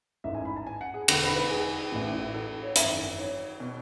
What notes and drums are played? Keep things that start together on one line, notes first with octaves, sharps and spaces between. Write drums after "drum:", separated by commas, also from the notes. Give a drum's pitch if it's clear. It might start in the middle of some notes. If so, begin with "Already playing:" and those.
A1 G#2 E3 E5
G#5
B5
A5
G#5
F#5
G#4
E1 E2 D3 A4, drum: cymbal
B4
B4
G#4
A1 A2 E3
A4
C#5
G#1 F#2 E3 E5, drum: hi-hat
C#5
B2